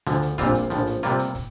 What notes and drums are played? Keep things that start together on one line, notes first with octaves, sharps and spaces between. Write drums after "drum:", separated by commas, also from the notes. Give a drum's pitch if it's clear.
D2 D3 F3, drum: hi-hat
drum: hi-hat
A#1 A#2 G3 C4 F4, drum: kick, hi-hat
drum: hi-hat
A#1 A2 F3, drum: hi-hat
drum: hi-hat
C3 G3 A#3 F4, drum: hi-hat
drum: hi-hat
drum: kick, hi-hat